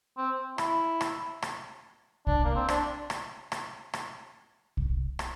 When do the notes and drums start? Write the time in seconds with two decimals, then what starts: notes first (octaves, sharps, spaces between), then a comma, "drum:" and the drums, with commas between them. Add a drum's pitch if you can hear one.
0.18 C4
0.58 E4, drum: rim click
1.01 drum: rim click
1.42 drum: rim click
2.27 D4, drum: kick
2.44 A#3
2.56 C4
2.69 D4, drum: rim click
3.10 drum: rim click
3.52 drum: rim click
3.94 drum: rim click
4.77 drum: kick
5.19 drum: rim click